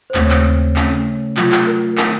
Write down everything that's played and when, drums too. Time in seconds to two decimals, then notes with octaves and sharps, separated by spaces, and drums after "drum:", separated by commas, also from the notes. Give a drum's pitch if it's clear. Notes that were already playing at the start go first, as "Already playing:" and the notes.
0.10 C5
0.14 D#2 C#3 A3 C4 C#5, drum: clap
0.30 drum: clap
0.76 C#3 A3 C#4, drum: clap
1.37 C3 F#3 A3 F4, drum: clap
1.52 drum: clap
1.67 A#4
1.97 D#3 A3 A#4, drum: clap